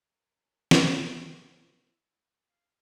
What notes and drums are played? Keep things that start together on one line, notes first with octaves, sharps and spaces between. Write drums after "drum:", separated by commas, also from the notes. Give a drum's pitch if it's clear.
F#2
drum: snare
E4
F5